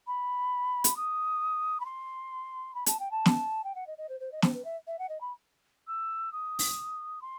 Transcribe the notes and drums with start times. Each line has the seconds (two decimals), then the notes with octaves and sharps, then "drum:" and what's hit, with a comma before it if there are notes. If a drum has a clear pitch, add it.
0.07 B5
0.84 drum: hi-hat
0.96 D#6
1.80 B5
1.85 C6
2.74 B5
2.86 A5, drum: hi-hat
2.99 G5
3.11 A5
3.26 drum: snare
3.64 G5
3.75 F#5
3.87 D#5
3.97 D#5
4.09 C5
4.20 C5
4.31 D#5
4.42 C5, drum: snare
4.53 B4
4.64 E5
4.87 E5
4.98 F#5
5.09 D#5
5.20 B5
5.87 E6
6.32 D#6
6.59 drum: open hi-hat
7.21 C6